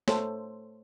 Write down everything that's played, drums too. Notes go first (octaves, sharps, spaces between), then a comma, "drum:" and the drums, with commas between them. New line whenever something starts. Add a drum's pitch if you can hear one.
A3 A4 C5 C#5, drum: snare